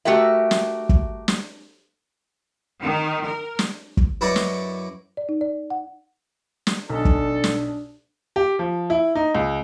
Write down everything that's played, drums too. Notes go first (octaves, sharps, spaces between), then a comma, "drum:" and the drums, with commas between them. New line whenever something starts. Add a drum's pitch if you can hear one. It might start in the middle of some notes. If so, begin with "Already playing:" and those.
A3 F#4 G4 A#4 E5
drum: snare
drum: kick
drum: snare
D#3
A#4
drum: snare
drum: kick
F#2 E4 B4 D5 D#5 C#6
drum: snare
D5
D#4
D5
F#5
drum: snare
B1 D4 A4
drum: kick
drum: snare
G4
F3
E4
D#4
C#2